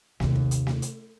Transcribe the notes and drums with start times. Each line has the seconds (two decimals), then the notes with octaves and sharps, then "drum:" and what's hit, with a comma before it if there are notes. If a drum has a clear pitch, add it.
0.20 D#2 C3, drum: snare
0.36 drum: kick
0.51 drum: hi-hat
0.67 drum: snare
0.82 drum: hi-hat